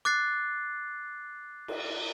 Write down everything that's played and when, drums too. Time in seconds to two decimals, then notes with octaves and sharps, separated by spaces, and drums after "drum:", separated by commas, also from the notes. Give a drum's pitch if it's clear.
0.05 D6 F#6 A6 C7
1.68 drum: cymbal